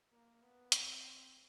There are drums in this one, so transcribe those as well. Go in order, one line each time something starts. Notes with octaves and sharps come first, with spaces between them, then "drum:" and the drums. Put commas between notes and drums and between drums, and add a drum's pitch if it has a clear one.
A#3
B3
C4, drum: hi-hat